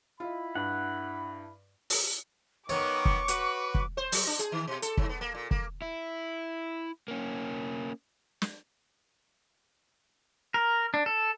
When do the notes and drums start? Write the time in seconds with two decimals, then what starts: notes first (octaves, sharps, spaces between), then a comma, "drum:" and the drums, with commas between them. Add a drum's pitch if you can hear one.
0.20 E4 F4 D#5 B5
0.55 G2 F#5
1.90 drum: open hi-hat
2.69 D#3 B3 C#5 C#6 D6
3.05 drum: kick
3.28 F#4 B4, drum: hi-hat
3.74 drum: kick
3.97 C5
4.12 F#3, drum: open hi-hat
4.26 D4
4.39 G#4, drum: hi-hat
4.52 D#3
4.67 B2
4.82 A4, drum: hi-hat
4.97 G#2, drum: kick
5.09 B3
5.21 A#3
5.35 A#2
5.51 A#3, drum: kick
5.82 E4
7.08 A#3 C#4
8.42 drum: snare
10.54 A#4
10.94 D4
11.06 A4